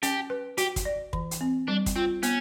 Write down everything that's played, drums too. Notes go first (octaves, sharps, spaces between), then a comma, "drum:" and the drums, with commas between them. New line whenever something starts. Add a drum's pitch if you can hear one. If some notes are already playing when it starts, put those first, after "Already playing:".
C#4 G4, drum: hi-hat
B4
F#4 G4, drum: hi-hat
drum: kick, hi-hat
D5
E3, drum: kick
drum: hi-hat
C4
G3 D4
drum: kick, hi-hat
C4 F4
B3 C#4, drum: hi-hat